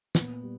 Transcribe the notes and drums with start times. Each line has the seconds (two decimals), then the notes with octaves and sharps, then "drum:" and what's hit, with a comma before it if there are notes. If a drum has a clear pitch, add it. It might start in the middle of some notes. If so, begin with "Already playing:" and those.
0.15 A#2 B3, drum: snare
0.43 G3